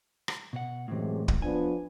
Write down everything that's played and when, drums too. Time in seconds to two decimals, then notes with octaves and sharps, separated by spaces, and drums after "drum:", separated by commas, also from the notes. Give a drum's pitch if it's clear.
0.28 drum: rim click
0.53 B2 F#5
0.88 F#2 A2 C3 E3 G#3
1.28 drum: kick
1.42 F3 B3 D4 G#5